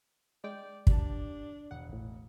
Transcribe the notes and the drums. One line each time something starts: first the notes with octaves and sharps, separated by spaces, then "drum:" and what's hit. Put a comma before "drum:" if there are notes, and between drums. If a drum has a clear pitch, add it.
G#3 D5 G5
D4 G4 A5, drum: kick
E1 F#5
A1 A2